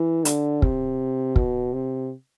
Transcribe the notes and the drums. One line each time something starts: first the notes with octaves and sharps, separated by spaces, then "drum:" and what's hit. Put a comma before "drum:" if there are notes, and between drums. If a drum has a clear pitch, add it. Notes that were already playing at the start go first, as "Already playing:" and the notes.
Already playing: E3
D3, drum: hi-hat
C3, drum: kick
B2, drum: kick
C3